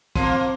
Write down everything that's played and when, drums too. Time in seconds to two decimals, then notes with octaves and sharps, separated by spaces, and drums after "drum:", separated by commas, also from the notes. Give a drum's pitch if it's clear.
0.15 F3 A#3 C4, drum: kick, hi-hat